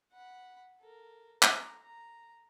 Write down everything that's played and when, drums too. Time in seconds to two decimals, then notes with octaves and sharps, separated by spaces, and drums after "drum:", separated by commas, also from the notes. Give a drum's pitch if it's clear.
0.12 F#5 B5
0.80 A4 A#4
1.42 A#5, drum: clap
1.81 A#5